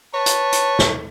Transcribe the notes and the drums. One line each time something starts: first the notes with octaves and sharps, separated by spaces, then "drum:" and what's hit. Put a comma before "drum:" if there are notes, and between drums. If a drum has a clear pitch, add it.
B4 C#5 A5
drum: hi-hat
drum: hi-hat
drum: snare